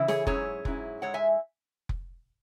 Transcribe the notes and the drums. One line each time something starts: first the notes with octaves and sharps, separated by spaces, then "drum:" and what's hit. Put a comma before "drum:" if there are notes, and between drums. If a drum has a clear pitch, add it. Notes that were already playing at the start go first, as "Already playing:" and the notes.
Already playing: C#3 E3 E4
G#4 C#5, drum: snare
G#2 F#3 C#4 E4 G#4 C#5, drum: kick F1
G#2 F#3 C#4 E4, drum: kick F1
G#2 G#3 E4 C#5 F#5
E5 G#5
drum: kick F1